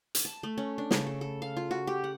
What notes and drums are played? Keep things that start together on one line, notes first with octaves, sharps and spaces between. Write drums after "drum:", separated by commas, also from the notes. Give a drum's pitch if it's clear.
drum: hi-hat
A5
A3
C#4
D4
C#3, drum: snare
A4
A4
F5
F4
F#4
G4
F#5